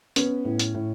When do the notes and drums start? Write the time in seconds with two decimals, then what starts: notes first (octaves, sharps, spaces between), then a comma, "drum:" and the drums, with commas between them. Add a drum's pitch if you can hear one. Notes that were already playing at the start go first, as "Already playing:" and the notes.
0.16 B3 C#4, drum: hi-hat
0.45 A2
0.59 drum: hi-hat
0.75 A2